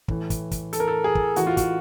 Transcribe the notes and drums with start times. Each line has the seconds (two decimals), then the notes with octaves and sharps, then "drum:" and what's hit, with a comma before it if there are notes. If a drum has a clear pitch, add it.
0.08 A2 E3, drum: kick
0.30 drum: kick, hi-hat
0.51 drum: kick, hi-hat
0.73 A4, drum: hi-hat
0.80 A#4
0.88 A4
1.04 G#4
1.15 drum: kick
1.36 A2 E3 F#4, drum: hi-hat
1.47 F4
1.57 F#4, drum: kick, hi-hat